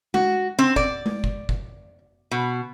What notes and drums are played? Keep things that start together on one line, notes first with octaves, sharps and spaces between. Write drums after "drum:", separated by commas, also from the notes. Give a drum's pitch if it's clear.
F#4, drum: tom G#3
C4
D5, drum: kick
drum: tom G#3
drum: kick
drum: kick
B2